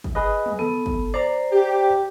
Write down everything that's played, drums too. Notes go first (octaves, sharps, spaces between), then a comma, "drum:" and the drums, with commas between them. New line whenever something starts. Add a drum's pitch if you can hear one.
drum: kick
G#4 B4 D#5
drum: tom
B3 A4
drum: kick
C5 D5 A#5
G4